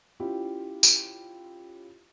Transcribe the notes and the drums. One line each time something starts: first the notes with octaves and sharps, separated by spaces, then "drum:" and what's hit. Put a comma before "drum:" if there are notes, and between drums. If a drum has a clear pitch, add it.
C#4 E4 F4 G4
drum: tambourine